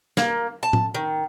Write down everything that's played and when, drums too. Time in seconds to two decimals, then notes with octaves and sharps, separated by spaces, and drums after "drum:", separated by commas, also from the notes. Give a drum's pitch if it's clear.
0.17 A#3, drum: snare
0.63 A5
0.73 drum: tom A2
0.94 D#3